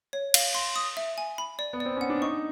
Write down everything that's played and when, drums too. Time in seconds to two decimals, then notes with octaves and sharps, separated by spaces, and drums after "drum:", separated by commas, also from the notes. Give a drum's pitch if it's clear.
0.13 C#5
0.34 F5, drum: cymbal
0.55 C6
0.76 D#6
0.97 E5
1.18 G#5
1.38 B5
1.59 D5
1.73 B3
1.80 D5
1.85 C4
1.97 C#4 F#5
2.10 D4
2.22 D#4 C#6